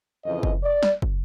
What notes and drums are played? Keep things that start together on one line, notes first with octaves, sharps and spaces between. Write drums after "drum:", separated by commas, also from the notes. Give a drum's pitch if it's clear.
F2 C#3 E3 D#5
drum: kick
D5
drum: snare
drum: kick